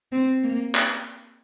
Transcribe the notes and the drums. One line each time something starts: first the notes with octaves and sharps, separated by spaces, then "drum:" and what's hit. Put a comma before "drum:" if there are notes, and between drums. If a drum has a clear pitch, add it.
C4
A#3
drum: clap